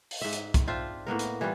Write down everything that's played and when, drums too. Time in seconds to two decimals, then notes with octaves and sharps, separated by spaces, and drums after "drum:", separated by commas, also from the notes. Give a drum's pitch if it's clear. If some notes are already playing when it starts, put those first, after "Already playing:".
0.11 drum: open hi-hat
0.22 G#2 E5
0.33 drum: hi-hat
0.54 drum: kick, hi-hat
0.67 C4 D4 F4 E5
1.07 A2 A#3 B3 A#4
1.19 drum: hi-hat
1.41 E3 G3 B3 F4